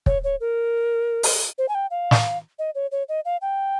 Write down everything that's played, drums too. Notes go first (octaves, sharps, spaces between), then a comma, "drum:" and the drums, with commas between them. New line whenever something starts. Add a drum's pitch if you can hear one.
C#5, drum: kick
C#5
A#4
drum: open hi-hat
C5
G#5
G5
F5
drum: snare
D#5
C#5
C#5
D#5
F5
G5